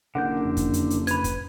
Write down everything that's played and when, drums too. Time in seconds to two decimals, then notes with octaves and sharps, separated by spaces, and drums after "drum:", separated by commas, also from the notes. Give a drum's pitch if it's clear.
0.15 F#1 D3 A#4 F#5 G6
0.45 F2
0.57 drum: kick, hi-hat
0.74 drum: hi-hat
0.90 drum: hi-hat
1.07 B4 B5 G#6, drum: hi-hat
1.24 drum: kick, hi-hat